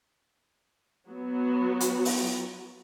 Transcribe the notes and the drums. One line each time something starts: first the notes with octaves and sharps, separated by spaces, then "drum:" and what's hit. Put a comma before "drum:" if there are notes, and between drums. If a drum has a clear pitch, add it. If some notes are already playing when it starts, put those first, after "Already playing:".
F#3 B3 F#4
drum: hi-hat
drum: open hi-hat